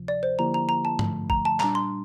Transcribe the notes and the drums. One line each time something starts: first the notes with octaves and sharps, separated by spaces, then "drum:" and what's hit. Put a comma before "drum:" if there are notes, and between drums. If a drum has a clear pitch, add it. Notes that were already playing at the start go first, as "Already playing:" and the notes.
Already playing: D2 C3 F3
D5
C5
D3 F3 A#3 E4 G4 A#5
A#5
A#5
A5
G2 D3 F3 A3, drum: tom G#2
A#5, drum: kick G#1
A5
A#2 G3 D4 A#5, drum: clap
C6